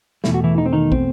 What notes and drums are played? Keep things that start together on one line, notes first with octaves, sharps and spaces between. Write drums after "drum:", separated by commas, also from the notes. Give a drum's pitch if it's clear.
E2 B2 A3 E4, drum: snare
F#4
E3 E4
D#4
C4
D#3 D#4
C4, drum: kick